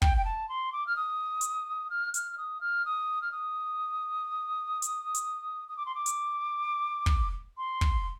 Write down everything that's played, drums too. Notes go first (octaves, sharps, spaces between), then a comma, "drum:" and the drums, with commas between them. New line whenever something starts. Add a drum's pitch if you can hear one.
G5, drum: kick
G5
A5
C6
D6
F6
D#6
drum: hi-hat
F6
F6, drum: hi-hat
F6
D#6
F6
D#6
F6
D#6
drum: hi-hat
drum: hi-hat
D#6
D6
C6
D6
drum: hi-hat
drum: kick
C6
drum: kick